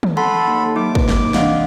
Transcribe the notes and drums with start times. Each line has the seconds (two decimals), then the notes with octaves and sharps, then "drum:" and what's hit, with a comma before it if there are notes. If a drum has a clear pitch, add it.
0.03 drum: tom
0.17 A4 F#5 A5 B5 C6
0.47 D#2
0.76 F#3 D#4 D6
0.95 C3 B4, drum: kick
1.09 drum: snare
1.34 E3 C4 D4 D#5 F5 F#5, drum: snare